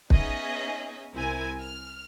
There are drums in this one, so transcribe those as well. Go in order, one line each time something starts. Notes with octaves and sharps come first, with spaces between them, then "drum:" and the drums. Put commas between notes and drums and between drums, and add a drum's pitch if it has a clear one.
B3 C#4 D#4 G#4 D#5 E5, drum: kick
C2 C4 E4 A#4 G#5
F6